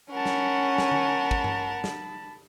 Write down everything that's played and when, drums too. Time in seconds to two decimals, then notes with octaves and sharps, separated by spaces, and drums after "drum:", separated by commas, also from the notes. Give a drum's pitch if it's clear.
0.12 C#4 A#4 F#5 A5 B5
0.26 drum: snare
0.78 drum: snare
0.91 drum: tom D3
1.31 drum: kick
1.44 drum: tom G2
1.84 drum: snare